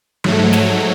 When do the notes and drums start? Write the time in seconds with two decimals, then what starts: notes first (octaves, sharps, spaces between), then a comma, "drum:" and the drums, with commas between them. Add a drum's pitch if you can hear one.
0.24 G#2 F#3 A3, drum: tom F3
0.53 drum: snare